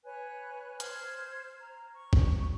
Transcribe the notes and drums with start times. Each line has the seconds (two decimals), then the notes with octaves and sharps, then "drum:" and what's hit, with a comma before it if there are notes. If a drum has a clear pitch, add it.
0.05 B4 C#5 G#5 F#6
0.80 C5 F6 G#6, drum: hi-hat
1.59 A#5
1.94 C#6
2.13 drum: kick